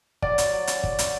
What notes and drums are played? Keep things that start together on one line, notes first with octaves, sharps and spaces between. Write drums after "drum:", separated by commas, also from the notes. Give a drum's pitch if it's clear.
F#3 D5, drum: kick
F#4, drum: hi-hat
F#3
C#4, drum: hi-hat
F#3, drum: kick
F#4, drum: hi-hat